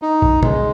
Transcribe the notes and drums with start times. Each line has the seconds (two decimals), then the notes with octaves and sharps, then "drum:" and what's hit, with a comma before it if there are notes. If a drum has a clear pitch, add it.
0.02 D#4
0.22 drum: kick A#1
0.43 G#3, drum: tom